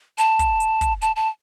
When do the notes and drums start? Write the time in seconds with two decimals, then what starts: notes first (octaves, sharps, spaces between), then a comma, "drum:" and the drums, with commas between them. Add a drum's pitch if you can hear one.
0.18 A5, drum: hi-hat
0.39 drum: kick, hi-hat
0.60 drum: hi-hat
0.81 drum: kick, hi-hat
1.02 A5, drum: hi-hat
1.16 A5